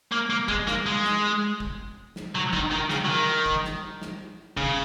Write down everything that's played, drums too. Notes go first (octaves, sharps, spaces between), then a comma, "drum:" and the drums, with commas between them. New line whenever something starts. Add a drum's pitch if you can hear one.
A#3
A#3
G#3, drum: kick
A#3, drum: snare
G#3
drum: snare
drum: kick
drum: snare
F#3, drum: tom C3
D#3, drum: kick
D#3
C#3, drum: snare
F#3
D#3
drum: kick
drum: snare
drum: snare
C#3, drum: kick